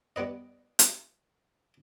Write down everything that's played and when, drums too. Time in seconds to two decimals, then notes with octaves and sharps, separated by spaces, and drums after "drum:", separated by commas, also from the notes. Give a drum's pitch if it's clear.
0.16 G3 B3 B4 D#5
0.79 drum: hi-hat